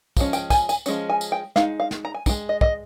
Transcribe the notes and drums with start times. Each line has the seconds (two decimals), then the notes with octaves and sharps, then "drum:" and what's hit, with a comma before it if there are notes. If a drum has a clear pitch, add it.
0.17 F3 G#3 C#4, drum: kick, tambourine
0.33 G5, drum: tambourine
0.50 G#5, drum: kick, tambourine
0.69 G#5, drum: tambourine
0.86 F3 G#3 C#4, drum: tambourine
1.10 G#5
1.21 drum: tambourine
1.32 G5
1.56 G#3 D#4 F5, drum: snare
1.80 F5
1.91 drum: snare
2.05 A#5
2.14 G#5
2.26 D#4 G5, drum: kick, tambourine
2.29 G#3
2.49 D#5
2.61 D#5, drum: kick